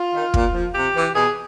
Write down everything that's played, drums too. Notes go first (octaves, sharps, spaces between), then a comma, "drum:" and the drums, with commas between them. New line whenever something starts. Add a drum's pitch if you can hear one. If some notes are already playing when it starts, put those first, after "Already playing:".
Already playing: F4
D#3
A#2, drum: kick
F3
C3 G4
E3
B2 G#4